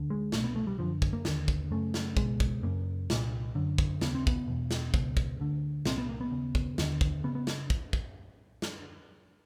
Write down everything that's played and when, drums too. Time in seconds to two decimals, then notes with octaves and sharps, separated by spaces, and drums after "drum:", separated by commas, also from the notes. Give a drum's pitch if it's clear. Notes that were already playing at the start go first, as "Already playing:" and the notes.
Already playing: D2 D3
0.10 G#3
0.32 C2 B2 A3, drum: snare
0.44 B3
0.56 A3
0.67 G3
0.79 F#2 D3 F3
1.02 drum: kick
1.13 A#3
1.25 D#2 D3, drum: snare
1.48 drum: kick
1.71 F#2 C#3 A3
1.94 drum: snare
2.17 C#2 B2 G#3, drum: kick
2.40 drum: kick
2.63 F#2 C#3 A#3
3.10 C2 A#2, drum: snare
3.55 F#2 D3
3.78 drum: kick
4.01 D#2 C#3 B3, drum: snare
4.15 C4
4.27 B3, drum: kick
4.48 E2 B2
4.71 drum: snare
4.94 C#2 B2, drum: kick
5.17 drum: kick
5.40 D2 D3
5.85 C2 A#2 C4, drum: snare
5.98 B3
6.09 A#3
6.21 B3
6.31 D#2 C#3
6.55 drum: kick
6.78 D#2 D3, drum: snare
7.01 drum: kick
7.24 C#3 B3
7.35 B3
7.47 drum: snare
7.70 drum: kick
7.93 drum: kick
8.62 drum: snare